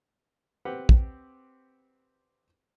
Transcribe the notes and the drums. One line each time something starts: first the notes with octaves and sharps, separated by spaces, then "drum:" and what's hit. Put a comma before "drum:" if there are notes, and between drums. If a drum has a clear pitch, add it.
C4 G4 B4 F#5 G5
drum: kick